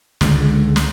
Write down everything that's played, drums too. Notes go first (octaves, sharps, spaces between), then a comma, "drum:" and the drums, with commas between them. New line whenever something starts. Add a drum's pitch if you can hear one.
C#2 D3 G#3, drum: snare
drum: snare